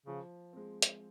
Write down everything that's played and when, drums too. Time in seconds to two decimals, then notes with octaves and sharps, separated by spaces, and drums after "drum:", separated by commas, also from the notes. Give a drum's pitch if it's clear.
0.06 C#3 F3
0.53 G#3 C4
0.82 drum: hi-hat